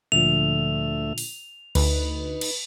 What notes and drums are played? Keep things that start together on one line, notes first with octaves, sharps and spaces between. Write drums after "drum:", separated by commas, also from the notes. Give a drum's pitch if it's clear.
D2 A#2 D3 F3 A3 E5 F7
drum: open hi-hat
D2 D#4 B4, drum: cymbal
drum: cymbal